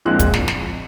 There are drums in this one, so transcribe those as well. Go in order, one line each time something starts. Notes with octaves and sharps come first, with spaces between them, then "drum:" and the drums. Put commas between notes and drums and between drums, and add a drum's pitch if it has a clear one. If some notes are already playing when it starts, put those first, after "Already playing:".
A#1 A#2 F3 G#3 C4 F#6
drum: kick, hi-hat
drum: snare
drum: snare